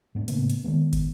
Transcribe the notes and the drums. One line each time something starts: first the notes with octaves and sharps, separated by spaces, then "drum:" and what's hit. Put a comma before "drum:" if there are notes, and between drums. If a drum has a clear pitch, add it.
G#2 B3 D4
A2 C#3 A#3 B3, drum: hi-hat
drum: hi-hat
D#3 E3 G#3 B3
drum: kick, hi-hat